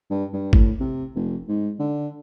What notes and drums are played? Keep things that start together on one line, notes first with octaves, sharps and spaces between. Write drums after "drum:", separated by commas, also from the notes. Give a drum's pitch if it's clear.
G2
G2
A2, drum: kick
C3
F1
G#2
D3